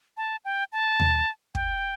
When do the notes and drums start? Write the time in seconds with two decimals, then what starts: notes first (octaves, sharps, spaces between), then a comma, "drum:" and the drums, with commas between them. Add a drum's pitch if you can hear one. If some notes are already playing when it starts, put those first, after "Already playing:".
0.17 A5
0.45 G5
0.72 A5
1.00 drum: tom D#2
1.55 G5, drum: kick